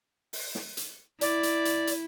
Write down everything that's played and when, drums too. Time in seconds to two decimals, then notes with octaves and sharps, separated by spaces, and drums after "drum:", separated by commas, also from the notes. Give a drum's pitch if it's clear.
0.33 drum: open hi-hat
0.55 drum: snare
0.77 drum: hi-hat
1.21 E4 D5, drum: hi-hat
1.43 drum: hi-hat
1.65 drum: hi-hat
1.87 drum: hi-hat